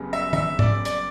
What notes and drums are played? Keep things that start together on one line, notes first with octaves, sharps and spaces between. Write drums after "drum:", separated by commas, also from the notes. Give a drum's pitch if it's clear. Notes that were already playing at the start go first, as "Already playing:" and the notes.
Already playing: F#1 F#2 C#3 G3 B3
E5
E5, drum: tom
D5, drum: tom
D5, drum: hi-hat